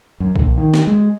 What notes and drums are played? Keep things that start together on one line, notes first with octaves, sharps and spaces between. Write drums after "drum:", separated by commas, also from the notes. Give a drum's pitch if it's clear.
F#2
A#1, drum: kick B1
D#3
drum: snare
G#3